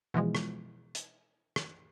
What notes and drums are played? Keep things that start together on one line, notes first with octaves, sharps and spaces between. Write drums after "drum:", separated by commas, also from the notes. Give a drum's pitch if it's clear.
B2 E3 F3 G#3
drum: rim click
drum: hi-hat
drum: rim click